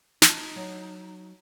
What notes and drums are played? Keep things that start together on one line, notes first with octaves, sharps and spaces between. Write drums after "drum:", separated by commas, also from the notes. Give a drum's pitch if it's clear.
D#4 F4 A5, drum: snare
F#3